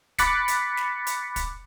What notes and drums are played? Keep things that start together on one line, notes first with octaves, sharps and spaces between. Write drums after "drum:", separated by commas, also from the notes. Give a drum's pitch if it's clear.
B5 D6 F#6 A6 B6 C#7, drum: kick, hi-hat
drum: hi-hat
drum: snare
drum: hi-hat
drum: kick, hi-hat